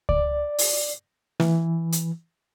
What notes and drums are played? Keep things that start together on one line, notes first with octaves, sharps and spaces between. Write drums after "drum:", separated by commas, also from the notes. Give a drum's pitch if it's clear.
D5, drum: kick C#2
drum: open hi-hat
E3, drum: snare
drum: hi-hat